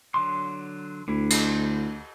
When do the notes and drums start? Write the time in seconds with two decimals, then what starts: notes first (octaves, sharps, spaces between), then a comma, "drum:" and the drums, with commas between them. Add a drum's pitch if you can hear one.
0.14 D3 F#3 C6
1.08 D2 D3 E4
1.30 drum: cymbal